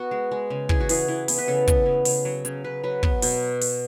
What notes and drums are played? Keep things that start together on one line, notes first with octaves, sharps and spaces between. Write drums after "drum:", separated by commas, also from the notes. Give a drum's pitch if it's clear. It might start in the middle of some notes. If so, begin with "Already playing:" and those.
Already playing: B3 F#4
G#3
G#3
C#3
E3 G#4, drum: kick
F#4
E3 G#4, drum: open hi-hat
E3
B3, drum: open hi-hat
B4
C#3 A4
B3, drum: kick, hi-hat
C#3
C#3, drum: open hi-hat
F#3
C#3, drum: hi-hat
C#3 B4
F#3 B4
B3, drum: kick
B2, drum: open hi-hat
drum: open hi-hat